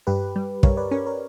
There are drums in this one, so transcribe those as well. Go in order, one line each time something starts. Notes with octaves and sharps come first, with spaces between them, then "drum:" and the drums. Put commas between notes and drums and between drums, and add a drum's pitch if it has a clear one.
G2 G4 B4
G3
G2 A#4 C#5, drum: kick
B4 D5
C#4 A#4 C#5
A#4 C#5